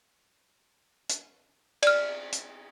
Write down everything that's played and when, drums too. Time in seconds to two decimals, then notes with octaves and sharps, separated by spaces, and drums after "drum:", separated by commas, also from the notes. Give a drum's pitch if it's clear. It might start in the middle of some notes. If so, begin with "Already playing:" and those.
1.09 drum: hi-hat
1.83 D5 F6, drum: cymbal
2.32 drum: hi-hat